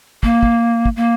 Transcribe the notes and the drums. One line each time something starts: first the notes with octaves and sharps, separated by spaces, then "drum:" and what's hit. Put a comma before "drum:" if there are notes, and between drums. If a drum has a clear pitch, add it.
A#3, drum: kick
drum: kick
drum: kick
A#3